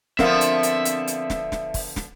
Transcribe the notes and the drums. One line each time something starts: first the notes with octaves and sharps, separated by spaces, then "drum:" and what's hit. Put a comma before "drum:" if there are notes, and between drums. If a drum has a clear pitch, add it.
D3 F3 B3 C4 A#4 E5 F5, drum: snare
drum: hi-hat
drum: hi-hat
drum: hi-hat
drum: hi-hat
drum: snare
drum: snare
drum: kick, open hi-hat
drum: snare